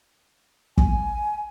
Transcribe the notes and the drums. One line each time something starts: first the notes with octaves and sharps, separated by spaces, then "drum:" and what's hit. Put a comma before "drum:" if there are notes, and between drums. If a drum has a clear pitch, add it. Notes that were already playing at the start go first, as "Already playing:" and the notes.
G#5, drum: kick